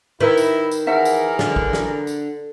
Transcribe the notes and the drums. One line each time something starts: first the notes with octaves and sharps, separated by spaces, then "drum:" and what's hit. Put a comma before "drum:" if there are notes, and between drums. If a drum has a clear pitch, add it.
D#3 E4 A#4 B4
drum: tambourine
drum: tambourine
E3 G#4 A#4 C5 E5 F#5
drum: tambourine
D3, drum: snare
drum: kick A1
drum: snare
drum: tambourine